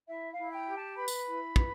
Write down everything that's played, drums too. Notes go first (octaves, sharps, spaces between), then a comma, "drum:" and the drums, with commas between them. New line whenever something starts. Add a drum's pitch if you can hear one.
E4 E5
F5
E4
G5
G4
A5
B4 B5
drum: tambourine
E4
B4, drum: kick